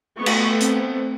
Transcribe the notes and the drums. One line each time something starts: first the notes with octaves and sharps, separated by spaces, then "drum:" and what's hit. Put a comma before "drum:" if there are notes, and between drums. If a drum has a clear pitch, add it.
A3 B3 C#6
drum: cymbal
C4, drum: hi-hat